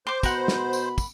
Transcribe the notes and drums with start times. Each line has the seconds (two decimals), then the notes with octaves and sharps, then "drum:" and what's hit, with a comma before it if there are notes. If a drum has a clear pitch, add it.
0.07 C5 C6 D6
0.23 B2 A#4 F#5 B5, drum: kick, tambourine
0.48 drum: snare
0.73 drum: tambourine
0.98 drum: kick, tambourine